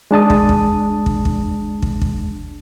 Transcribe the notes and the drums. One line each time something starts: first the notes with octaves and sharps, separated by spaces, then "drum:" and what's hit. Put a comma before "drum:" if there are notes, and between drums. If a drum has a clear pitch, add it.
G#3 D4 A5 D#6
drum: kick
drum: kick
drum: kick
drum: kick
drum: kick
drum: kick